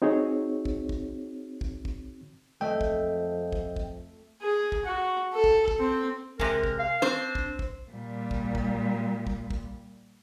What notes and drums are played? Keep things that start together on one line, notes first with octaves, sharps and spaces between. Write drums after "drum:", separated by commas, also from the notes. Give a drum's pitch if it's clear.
C4 D#4 F#4 G#4 C#5
drum: kick
drum: kick
drum: kick
drum: kick
F2 A3 D#5 G5
drum: kick
drum: kick
drum: kick
G#4
drum: kick
F#4
A4
drum: kick
drum: kick
C4
C3 G#3 A#4, drum: kick
drum: kick
F5
C4 D4 C5
drum: kick
drum: kick
A#2 G3
drum: kick
drum: kick
drum: kick
drum: kick